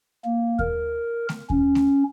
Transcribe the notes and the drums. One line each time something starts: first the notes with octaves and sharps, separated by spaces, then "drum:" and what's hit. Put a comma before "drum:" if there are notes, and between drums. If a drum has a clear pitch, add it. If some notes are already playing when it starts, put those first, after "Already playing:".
A#3
A#4, drum: kick D#2
drum: snare A3
C#4, drum: kick D#2
drum: snare A3